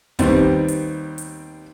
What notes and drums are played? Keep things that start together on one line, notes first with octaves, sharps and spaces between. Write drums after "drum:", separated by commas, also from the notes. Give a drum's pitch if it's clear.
D#2 G3 B3 C4, drum: kick, hi-hat
drum: hi-hat
drum: hi-hat